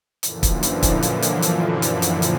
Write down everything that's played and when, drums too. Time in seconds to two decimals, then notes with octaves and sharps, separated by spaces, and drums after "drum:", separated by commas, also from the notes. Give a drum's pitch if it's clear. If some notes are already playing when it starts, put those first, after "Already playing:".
0.23 F#2 A#2 D3 E3 F3, drum: hi-hat
0.43 drum: kick, hi-hat
0.63 drum: hi-hat
0.83 drum: kick, hi-hat
1.02 drum: hi-hat
1.22 drum: hi-hat
1.42 drum: hi-hat
1.82 drum: hi-hat
2.02 drum: hi-hat
2.22 drum: hi-hat